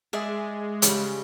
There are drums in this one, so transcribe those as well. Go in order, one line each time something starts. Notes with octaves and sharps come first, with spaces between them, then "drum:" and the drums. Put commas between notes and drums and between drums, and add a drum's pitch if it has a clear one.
G#3 G#4 D5 E5
C#3 G3, drum: hi-hat